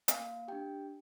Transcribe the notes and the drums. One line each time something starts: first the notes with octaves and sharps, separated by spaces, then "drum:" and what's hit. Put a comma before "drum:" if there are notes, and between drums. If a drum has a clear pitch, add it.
A#3 F5, drum: hi-hat
D4 G4 G5